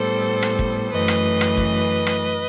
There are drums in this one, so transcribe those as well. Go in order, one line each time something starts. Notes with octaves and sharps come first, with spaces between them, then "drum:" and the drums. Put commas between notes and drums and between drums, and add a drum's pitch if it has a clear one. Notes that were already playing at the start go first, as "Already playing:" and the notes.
Already playing: A2 G3 B3 A4 C5
drum: rim click
drum: kick
F#2 E3 A3 B4 D#5
drum: rim click
drum: rim click
drum: kick
drum: rim click